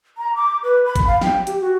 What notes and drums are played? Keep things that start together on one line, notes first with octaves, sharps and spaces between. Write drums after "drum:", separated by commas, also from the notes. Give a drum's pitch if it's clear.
A#5
D6
B4
B5
drum: kick G1, hi-hat
F5
G5, drum: snare
G4, drum: hi-hat
F#4